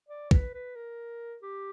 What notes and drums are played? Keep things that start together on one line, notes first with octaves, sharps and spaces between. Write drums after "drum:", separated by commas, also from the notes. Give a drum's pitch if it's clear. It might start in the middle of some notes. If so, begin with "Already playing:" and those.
D5
B4, drum: kick C#2
B4
A#4
G4